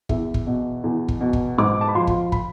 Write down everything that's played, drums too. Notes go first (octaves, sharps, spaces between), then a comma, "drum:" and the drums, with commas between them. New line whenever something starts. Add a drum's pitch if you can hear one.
E2 E5, drum: kick
drum: kick
B2
E2
drum: kick
B2
drum: kick
G#2 D6
A5
B5
F3 C6
drum: kick
B5, drum: kick